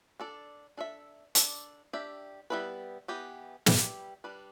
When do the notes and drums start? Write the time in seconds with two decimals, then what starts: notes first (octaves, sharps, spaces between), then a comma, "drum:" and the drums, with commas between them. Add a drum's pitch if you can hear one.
0.20 D4 A4 D5
0.77 D4 A4 E5
1.35 D4 A4 D5, drum: hi-hat
1.93 D4 G4 E5
2.50 G3 B3 E4 B4
3.08 E3 B3 G4
3.66 G3 E4 G4 B4, drum: snare
4.24 G3 D4 B4